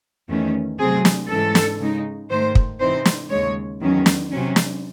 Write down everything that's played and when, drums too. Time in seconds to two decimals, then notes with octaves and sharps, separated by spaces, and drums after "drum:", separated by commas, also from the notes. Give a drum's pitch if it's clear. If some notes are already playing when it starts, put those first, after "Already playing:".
0.29 E2 D#3 A3 C#4
0.79 C3 F#3 A3 C4 G#4
1.05 drum: snare
1.29 G#2 E3 G#3 C#4 A4
1.55 drum: snare
1.79 C#3 G#3 D#4
2.30 G#2 D#3 A3 C5
2.55 drum: kick
2.80 C3 E3 C4 D#4 C5
3.05 drum: snare
3.30 D#2 C#3 G#3 C#5
3.81 E2 D#3 F#3 C#4
4.06 drum: snare
4.31 C3 F#3 C#4
4.56 drum: snare